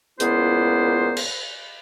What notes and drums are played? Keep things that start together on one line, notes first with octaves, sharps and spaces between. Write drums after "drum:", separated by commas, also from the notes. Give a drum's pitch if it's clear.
C#2 A#2 B3 E4 C5, drum: hi-hat
drum: cymbal